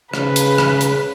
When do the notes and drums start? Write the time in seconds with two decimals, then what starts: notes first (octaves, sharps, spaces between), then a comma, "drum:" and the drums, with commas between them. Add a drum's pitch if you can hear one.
0.14 C#3 B4, drum: rim click
0.36 drum: hi-hat
0.58 drum: rim click
0.81 drum: hi-hat